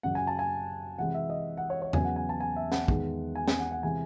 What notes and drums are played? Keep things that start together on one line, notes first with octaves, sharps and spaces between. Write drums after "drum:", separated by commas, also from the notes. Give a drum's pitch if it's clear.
F#2 C#3 F#3 F#5
G#5
A5
G#5
C3 E3 G#3 F#5
E5
D#5
F#5
C#5
C#5
E2 C#3 F#3 G#5, drum: tom E2
F#5
G#5
A5
G#5
E5
F#5, drum: snare
E2 D#3 G#3, drum: kick
G#5
G#5, drum: snare
F#5
F#5
C3 E3 G#3 G#5